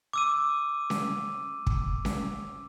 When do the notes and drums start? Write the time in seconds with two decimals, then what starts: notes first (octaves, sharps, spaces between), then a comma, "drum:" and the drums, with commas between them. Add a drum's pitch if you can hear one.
0.13 D6 E6 D#7
0.90 drum: snare C#4
1.67 drum: kick
2.05 drum: snare C#4